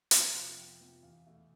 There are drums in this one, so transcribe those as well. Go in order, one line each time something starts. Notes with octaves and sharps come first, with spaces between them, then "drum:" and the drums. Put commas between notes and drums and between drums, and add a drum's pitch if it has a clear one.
F2 E5, drum: hi-hat
C3 F3 B3 F5
F2 G5
G5
C3 F3 B3
G5
E2 F5
B2 A3 E5